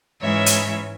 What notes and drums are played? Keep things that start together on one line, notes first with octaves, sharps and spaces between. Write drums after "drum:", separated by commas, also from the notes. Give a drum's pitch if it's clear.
G#2 E3 G#3 C#4 C#5 E5
drum: hi-hat